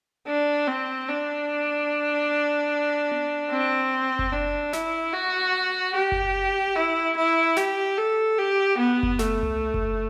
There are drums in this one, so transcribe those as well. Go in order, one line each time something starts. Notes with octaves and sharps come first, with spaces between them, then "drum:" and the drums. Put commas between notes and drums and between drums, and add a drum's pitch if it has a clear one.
D4
C4
D4
drum: tom B3
C4
drum: kick F#1
D4
E4, drum: snare
F#4
G4
drum: kick F#1
E4
E4
G4, drum: snare
A4
G4
B3
drum: kick F#1
A3, drum: snare
drum: tom C2
drum: kick F#1